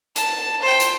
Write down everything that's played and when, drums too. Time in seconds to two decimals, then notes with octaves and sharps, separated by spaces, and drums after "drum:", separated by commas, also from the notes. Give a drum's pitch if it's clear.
0.16 A5, drum: hi-hat
0.62 C5 G5
0.80 drum: hi-hat